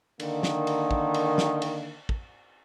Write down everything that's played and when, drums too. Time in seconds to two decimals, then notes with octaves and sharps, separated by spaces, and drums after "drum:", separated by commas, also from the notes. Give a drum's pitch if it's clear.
0.20 D3 D#3 A#3, drum: cymbal
0.43 drum: snare
0.67 drum: cymbal
0.91 drum: kick
1.14 drum: cymbal
1.38 drum: snare
1.62 drum: cymbal
2.09 drum: kick